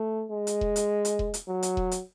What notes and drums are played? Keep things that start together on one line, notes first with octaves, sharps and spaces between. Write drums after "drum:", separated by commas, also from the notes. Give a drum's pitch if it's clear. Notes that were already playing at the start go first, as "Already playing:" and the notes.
Already playing: A3
G#3
drum: hi-hat
drum: kick E1
drum: hi-hat
drum: hi-hat
drum: kick E1
drum: hi-hat
F#3
drum: hi-hat
drum: kick E1
drum: hi-hat